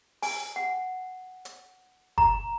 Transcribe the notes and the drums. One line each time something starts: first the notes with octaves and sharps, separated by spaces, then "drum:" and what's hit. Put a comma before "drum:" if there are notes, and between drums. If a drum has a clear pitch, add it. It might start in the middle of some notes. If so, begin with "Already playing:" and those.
G#5, drum: open hi-hat
F#5
drum: hi-hat
A#5, drum: kick